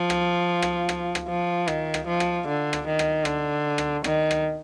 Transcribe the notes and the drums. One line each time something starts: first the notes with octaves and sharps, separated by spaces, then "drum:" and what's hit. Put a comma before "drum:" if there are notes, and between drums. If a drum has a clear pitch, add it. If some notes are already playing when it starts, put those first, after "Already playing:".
Already playing: F3
drum: rim click
drum: rim click
drum: rim click
drum: rim click
F3
D#3, drum: rim click
drum: rim click
F3
drum: rim click
D3
drum: rim click
D#3
drum: rim click
D3, drum: rim click
drum: rim click
D#3, drum: rim click
drum: rim click